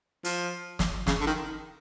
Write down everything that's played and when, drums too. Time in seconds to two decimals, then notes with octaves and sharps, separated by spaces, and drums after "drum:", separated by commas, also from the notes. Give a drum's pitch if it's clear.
0.24 F3, drum: hi-hat
0.79 drum: snare
1.07 C#3, drum: snare
1.20 D3
1.27 D#3